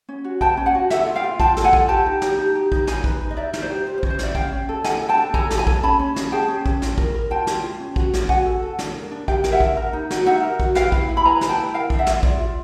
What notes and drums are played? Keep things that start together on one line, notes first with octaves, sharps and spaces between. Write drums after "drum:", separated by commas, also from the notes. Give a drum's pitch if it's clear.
C#4
F#4
B4 G5 A5, drum: kick
C#4
F#5 G#5
F#4
A4 E5 F#5, drum: snare
F4
F5 G5
F4
F4 G5 A5, drum: kick
A4, drum: snare
F#5 G#5
F4, drum: kick
G4 G5 A5
D#4
G4, drum: snare
D#4
G4
D#4, drum: kick
D#4 G#5 A#5, drum: snare
B4, drum: kick
D#4
D#5
D#4 D5 E5
D#4, drum: snare
C5 D5
G4
F4 C5
C5
C#4, drum: kick
C5
C#4 D5 E5, drum: snare
C#4 F5 G5, drum: kick
C#4
A4
D4 F#5 G#5, drum: snare
A4
G5 A5
D4
A4 G#5 A#5, drum: kick
A4, drum: snare
G#5 A#5
A4, drum: kick
C#4 A5 B5
C#4
C#4, drum: snare
G#4 G5 A5
C#4
C#4, drum: kick
F4, drum: snare
A#4, drum: kick
A#4
F4 G5 A5
F4, drum: snare
F4
C#4
F#4, drum: kick
C#4, drum: snare
F#4 F#5 G#5, drum: kick
A4
A4
D4, drum: snare
A#4
D4
G4 F5 G5, drum: kick
A#4, drum: snare
E5 F#5
D4, drum: kick
A#4
D#4
F#4, drum: snare
D#4 E5 F#5
A#4
F#4, drum: kick
B4 F5 G5, drum: snare
E4, drum: kick
E4
B5
B4 G#5 A#5
B4, drum: snare
G5 A5
E4
A#4 F5 G5
D4, drum: kick
E5 F#5
F4, drum: snare
F4 D5 E5, drum: kick
F4